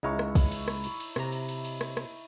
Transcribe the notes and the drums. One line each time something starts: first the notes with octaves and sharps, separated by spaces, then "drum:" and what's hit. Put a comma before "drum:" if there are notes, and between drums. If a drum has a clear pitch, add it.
C#2 G#3 D#4 E4 C#5 F5
drum: rim click
drum: kick A#1, cymbal
drum: cymbal
drum: rim click
drum: cymbal
drum: cymbal
C3 A#5, drum: rim click
drum: cymbal
drum: cymbal
drum: cymbal
drum: rim click
drum: rim click